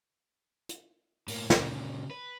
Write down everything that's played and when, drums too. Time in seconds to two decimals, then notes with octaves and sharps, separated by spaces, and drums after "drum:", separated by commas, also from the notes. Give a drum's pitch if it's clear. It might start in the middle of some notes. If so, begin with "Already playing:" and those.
0.69 drum: hi-hat
1.28 A2 A#3, drum: open hi-hat
1.50 A#2 C#3, drum: snare
2.11 B4